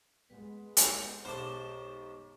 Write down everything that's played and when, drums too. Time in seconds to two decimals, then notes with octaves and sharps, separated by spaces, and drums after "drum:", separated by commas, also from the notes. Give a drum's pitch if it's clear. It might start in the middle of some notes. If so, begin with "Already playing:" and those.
0.30 G#3 B3 B4
0.77 drum: hi-hat
1.25 B1 G4 C5 A5 C#6 D6